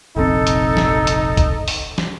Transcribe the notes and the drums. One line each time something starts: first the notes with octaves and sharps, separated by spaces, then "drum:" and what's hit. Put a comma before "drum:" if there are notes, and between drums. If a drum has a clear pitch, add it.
F1 A#1 C4 D#4 A4
drum: hi-hat
drum: snare
drum: hi-hat
drum: kick, hi-hat
drum: open hi-hat
drum: snare